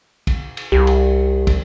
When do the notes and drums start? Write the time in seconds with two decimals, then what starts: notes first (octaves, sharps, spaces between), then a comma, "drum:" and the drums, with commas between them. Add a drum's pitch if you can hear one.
0.27 drum: kick, cymbal
0.57 drum: cymbal
0.72 C2 G4
0.87 drum: cymbal
1.47 drum: kick, cymbal